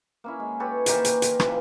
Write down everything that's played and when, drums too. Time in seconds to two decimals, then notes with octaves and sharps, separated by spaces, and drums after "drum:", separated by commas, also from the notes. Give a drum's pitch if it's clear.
0.24 A#3 C#4 E4
0.40 G#3
0.60 G4 A4 B4 C#5
0.86 D#3 E3 A#3 C5, drum: hi-hat
1.05 drum: hi-hat
1.22 drum: hi-hat
1.40 C#3 E3 F3 B4, drum: rim click